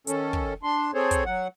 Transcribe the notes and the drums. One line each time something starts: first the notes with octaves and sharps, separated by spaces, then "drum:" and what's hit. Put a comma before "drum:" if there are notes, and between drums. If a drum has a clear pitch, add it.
D#3 C#4 A4, drum: hi-hat
drum: kick
D4 C6
C4 G#4 A4 C5 C#5
drum: kick, hi-hat
F#3 F#5